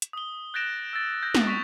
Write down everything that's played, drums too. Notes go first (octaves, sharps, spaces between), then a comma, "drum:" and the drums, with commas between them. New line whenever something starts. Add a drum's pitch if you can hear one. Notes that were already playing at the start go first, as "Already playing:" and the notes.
drum: hi-hat
D#6 G7
F#6 G6 A6 A#6 D7 E7
E6 A6
G6 A#6
drum: snare
C#6 B6 E7 F7